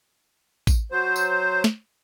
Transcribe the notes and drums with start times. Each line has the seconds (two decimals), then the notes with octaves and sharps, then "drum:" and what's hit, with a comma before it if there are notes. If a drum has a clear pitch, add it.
0.67 drum: kick, tambourine
0.91 F#3 C5
1.16 drum: tambourine
1.64 drum: snare